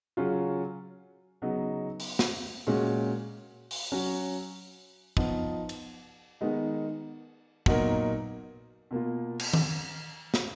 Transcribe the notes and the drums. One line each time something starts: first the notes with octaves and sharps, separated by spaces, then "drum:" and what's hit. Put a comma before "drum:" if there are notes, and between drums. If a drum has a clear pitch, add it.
C#3 F#3 C#4 F4
C#3 F#3 B3 D#4
drum: open hi-hat
drum: snare
A#2 G#3 C#4 F#4
drum: open hi-hat
F#3 C#4 F#4
F3 B3 D#4, drum: kick
drum: cymbal
D#3 G#3 B3 D#4
A#2 F#3 B3 D#4 A#4, drum: kick
B2 A#3 F4
drum: cymbal
drum: tom D#3
drum: snare